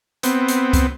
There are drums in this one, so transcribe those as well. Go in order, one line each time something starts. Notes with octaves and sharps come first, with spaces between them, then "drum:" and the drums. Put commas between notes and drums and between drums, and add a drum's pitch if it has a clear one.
B3 C4, drum: hi-hat
drum: hi-hat
drum: kick C#2, hi-hat